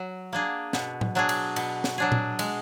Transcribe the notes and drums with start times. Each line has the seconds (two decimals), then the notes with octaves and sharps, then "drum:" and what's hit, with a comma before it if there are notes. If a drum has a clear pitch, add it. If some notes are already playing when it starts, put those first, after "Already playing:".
Already playing: F#3
0.33 A#3 D4 G#4
0.73 B2, drum: snare
1.01 drum: tom A2
1.15 F#3 D4 G#4
1.29 drum: cymbal
1.56 B2, drum: cymbal
1.84 drum: snare
1.98 F#3 D4 G#4
2.12 drum: tom A#2
2.39 G#3, drum: cymbal